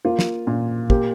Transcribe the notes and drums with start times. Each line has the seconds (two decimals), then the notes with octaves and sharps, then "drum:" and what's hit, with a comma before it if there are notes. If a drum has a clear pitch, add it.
0.05 A#3 F4
0.19 drum: snare
0.47 A#2
0.90 A#3 G4, drum: kick